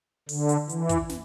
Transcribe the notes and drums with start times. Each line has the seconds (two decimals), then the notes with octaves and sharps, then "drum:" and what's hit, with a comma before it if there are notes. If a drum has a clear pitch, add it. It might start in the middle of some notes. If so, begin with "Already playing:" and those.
0.29 D3, drum: open hi-hat
0.49 drum: hi-hat
0.69 E3, drum: hi-hat
0.89 drum: kick, hi-hat
1.09 drum: snare